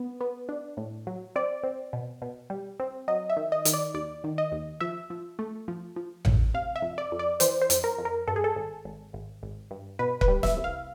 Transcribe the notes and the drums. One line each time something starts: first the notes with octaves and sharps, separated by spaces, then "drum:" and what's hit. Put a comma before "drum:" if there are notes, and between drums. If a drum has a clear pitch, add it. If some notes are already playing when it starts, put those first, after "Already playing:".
Already playing: B3
B3
D4
A2
F#3
C4 D5
C4
B2
B2
G3
C4
F#3 D#5
E5
D#3
D#5
D#3, drum: hi-hat
D5
D#2 D5
D#3
D#5
D#2
F3 E5
F3
A3
F3
F3
A2, drum: tom A1
C3 F5
E5
F2
D5
F2
D5
E3 C5, drum: hi-hat
C5
F2, drum: hi-hat
A#4
F2
A#4
G2 A4
G#4
A4
G#1
G#1
G#1
G#1
G2
B2 B4
B4, drum: kick
G3
E5, drum: snare
C2
F5